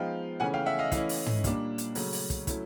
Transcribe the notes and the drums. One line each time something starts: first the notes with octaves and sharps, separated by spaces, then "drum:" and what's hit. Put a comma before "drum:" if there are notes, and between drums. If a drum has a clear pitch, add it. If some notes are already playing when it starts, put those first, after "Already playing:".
Already playing: F3 G#3 B3 D#4 F5 G5
C#3 E3 A3 C#4 F#5 G#5
F5 G5
E5 F#5
D#5 F5
E3 A3 C#4 E4 D#5 F5, drum: kick, hi-hat
drum: open hi-hat
drum: tom
A#2 G3 A#3 D4, drum: kick, hi-hat
drum: hi-hat
C#3 F#3 A3 C#4, drum: open hi-hat
drum: open hi-hat
drum: kick, hi-hat
F#3 A3 C#4 E4, drum: kick, hi-hat